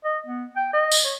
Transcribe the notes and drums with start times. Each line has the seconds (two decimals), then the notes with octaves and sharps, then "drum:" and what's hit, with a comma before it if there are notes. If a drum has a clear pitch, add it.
0.05 D#5
0.26 B3
0.57 G5
0.73 D#5
0.92 drum: tambourine
1.05 C#5